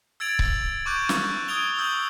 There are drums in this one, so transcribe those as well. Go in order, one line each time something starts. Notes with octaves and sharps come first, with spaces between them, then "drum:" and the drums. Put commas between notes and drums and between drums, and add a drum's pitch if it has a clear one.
E6 G#6 A6 D7 F7 F#7
drum: kick C#1
C#6 D6 F#6 G6 D7
drum: snare
D#6 G#6 D7 F7 G7
D#6 E6 G6 F#7